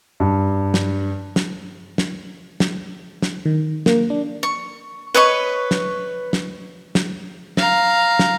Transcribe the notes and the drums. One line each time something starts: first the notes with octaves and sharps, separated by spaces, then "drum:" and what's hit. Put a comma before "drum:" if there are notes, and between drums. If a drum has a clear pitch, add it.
G2
drum: snare
drum: snare
drum: snare
drum: snare
drum: snare
D#3
A#3, drum: snare
D4
C#6
B4 C#5 D#5 C#6
drum: snare
drum: snare
drum: snare
F5 A#5, drum: snare
drum: snare